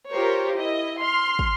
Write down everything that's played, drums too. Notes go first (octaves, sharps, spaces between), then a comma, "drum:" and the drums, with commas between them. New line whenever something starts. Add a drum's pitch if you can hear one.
F4 G4 A#4 C5 C#5
E4 D#5
C6 F6
drum: kick